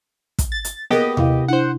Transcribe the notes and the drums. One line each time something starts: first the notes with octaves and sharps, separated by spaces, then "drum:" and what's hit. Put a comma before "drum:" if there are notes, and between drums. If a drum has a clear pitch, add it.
drum: kick, hi-hat
A6
drum: hi-hat
B3 G4 G#4 A#4 D#5, drum: snare A#3
C3 E4 F5, drum: tom D#2
D4 E4 C5 F#5